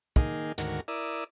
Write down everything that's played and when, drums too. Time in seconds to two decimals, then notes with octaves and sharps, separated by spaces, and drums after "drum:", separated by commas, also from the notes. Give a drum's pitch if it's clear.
0.16 D#3 A#3 D#4 G#4, drum: kick
0.58 D2 G#2 D#3 F#4 A#4, drum: hi-hat
0.88 E4 A#4 D5 D#6 E6